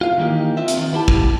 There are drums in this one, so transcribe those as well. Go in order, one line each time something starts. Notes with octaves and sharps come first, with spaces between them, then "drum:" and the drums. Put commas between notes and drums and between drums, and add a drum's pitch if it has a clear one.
F4 F5
D#3 E3 A#3 D#4 G4
C4 F4 E5
drum: hi-hat
D#3
B3 E4 G4 A5
drum: kick